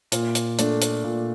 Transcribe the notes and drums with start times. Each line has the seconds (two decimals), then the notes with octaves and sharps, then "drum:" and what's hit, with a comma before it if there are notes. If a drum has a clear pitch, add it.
0.12 A#2, drum: hi-hat
0.35 drum: hi-hat
0.58 A3 D4, drum: hi-hat
0.81 drum: hi-hat
1.04 A#2